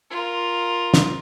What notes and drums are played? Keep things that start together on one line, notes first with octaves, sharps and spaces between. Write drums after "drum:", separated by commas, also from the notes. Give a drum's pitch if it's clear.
F4 A#4
drum: snare